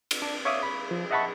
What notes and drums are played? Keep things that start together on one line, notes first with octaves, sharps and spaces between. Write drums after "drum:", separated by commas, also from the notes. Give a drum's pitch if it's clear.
drum: cymbal
D4
C#5 E5 F5 D6 D#6
B5
F3
D#5 E5 F#5 A5 B5 C#6